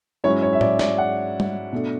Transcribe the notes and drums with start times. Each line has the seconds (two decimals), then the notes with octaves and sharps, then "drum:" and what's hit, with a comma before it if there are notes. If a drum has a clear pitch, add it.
0.24 G#2 F#3 C#4 E4 C#5
0.43 C#5
0.53 E5
0.61 D5, drum: tom A2
0.79 D5, drum: snare
0.98 F#5
1.40 drum: tom G3
1.73 B2 A3 D4